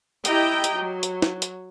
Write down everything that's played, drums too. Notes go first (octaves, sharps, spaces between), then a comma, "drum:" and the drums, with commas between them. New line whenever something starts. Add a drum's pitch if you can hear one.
E4 G4 D#5 G5 A#5, drum: hi-hat
drum: hi-hat
F#3
drum: hi-hat
drum: snare
drum: hi-hat